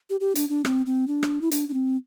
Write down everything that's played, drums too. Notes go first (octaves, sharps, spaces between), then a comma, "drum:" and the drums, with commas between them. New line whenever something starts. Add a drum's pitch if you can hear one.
G4
G4
D4, drum: hi-hat
D4
C4, drum: rim click
C4
D4
drum: rim click
E4
D4, drum: hi-hat
D4
C4